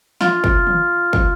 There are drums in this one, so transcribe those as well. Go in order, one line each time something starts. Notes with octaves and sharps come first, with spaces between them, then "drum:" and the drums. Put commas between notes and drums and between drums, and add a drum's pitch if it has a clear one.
F4, drum: snare
drum: kick
drum: tom D#3
drum: kick